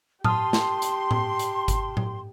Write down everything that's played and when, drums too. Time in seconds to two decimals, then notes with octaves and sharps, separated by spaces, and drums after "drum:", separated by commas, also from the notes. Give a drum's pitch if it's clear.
0.24 G4 A5 C6 D#6 F6, drum: tom A2
0.53 drum: snare
0.82 drum: hi-hat
1.11 drum: tom A2
1.39 drum: hi-hat
1.68 drum: kick G1, hi-hat
1.97 drum: tom A2